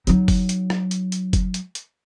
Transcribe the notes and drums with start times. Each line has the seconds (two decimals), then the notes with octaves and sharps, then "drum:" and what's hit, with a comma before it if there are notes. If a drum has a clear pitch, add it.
0.07 F#3 D#4, drum: hi-hat
0.28 drum: kick F#1, open hi-hat
0.49 drum: hi-hat
0.70 drum: rim click
0.91 drum: hi-hat
1.12 drum: hi-hat
1.33 drum: kick F#1, hi-hat
1.54 drum: hi-hat
1.75 drum: hi-hat